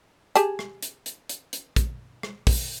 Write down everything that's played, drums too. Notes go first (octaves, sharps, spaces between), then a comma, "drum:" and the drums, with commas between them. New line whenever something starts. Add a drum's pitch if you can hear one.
G4 G#4 A5, drum: hi-hat
drum: rim click
drum: hi-hat
drum: hi-hat
drum: hi-hat
drum: hi-hat
drum: kick, hi-hat
drum: rim click
drum: kick, open hi-hat